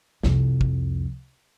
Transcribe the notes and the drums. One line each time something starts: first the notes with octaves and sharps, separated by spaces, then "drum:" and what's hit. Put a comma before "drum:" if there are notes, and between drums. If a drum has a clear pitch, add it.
C2 F2, drum: snare
drum: kick